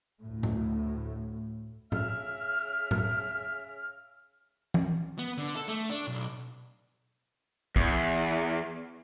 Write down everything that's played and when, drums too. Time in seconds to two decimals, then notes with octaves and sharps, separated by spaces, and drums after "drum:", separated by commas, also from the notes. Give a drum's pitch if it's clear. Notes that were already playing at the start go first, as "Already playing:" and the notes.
0.20 D2 A2
0.43 drum: tom A2
1.92 C#3 E5 F6, drum: tom A2
2.91 drum: tom A2
4.74 drum: tom E3
5.18 B3
5.38 D3
5.56 A4
5.68 A3
5.90 D4
6.08 B1
7.76 E2, drum: kick